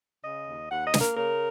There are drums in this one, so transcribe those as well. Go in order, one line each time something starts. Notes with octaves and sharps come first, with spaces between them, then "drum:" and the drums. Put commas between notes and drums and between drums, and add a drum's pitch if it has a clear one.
C#3 D#5
D#2
D#2 F#5
D#5
A#3, drum: snare
A#4
C#3 A#4